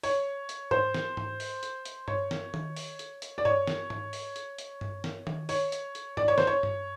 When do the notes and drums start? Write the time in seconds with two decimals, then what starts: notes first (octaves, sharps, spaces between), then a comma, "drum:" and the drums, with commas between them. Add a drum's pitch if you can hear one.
0.03 C#5, drum: open hi-hat
0.49 drum: hi-hat
0.71 C5, drum: tom G#2
0.94 drum: snare
1.17 drum: tom G#2
1.40 drum: open hi-hat
1.63 drum: hi-hat
1.85 drum: hi-hat
2.08 C#5, drum: tom G2
2.31 drum: snare
2.54 drum: tom D#3
2.76 drum: open hi-hat
2.99 drum: hi-hat
3.22 drum: hi-hat
3.38 D5
3.45 C#5, drum: tom G2
3.67 drum: snare
3.90 drum: tom G#2
4.13 drum: open hi-hat
4.36 drum: hi-hat
4.58 drum: hi-hat
4.81 drum: tom G2
5.04 drum: snare
5.27 drum: tom D#3
5.49 C#5, drum: open hi-hat
5.72 drum: hi-hat
5.95 drum: hi-hat
6.17 D5, drum: tom G#2
6.28 C#5
6.38 C5, drum: snare
6.47 C#5
6.63 drum: tom G2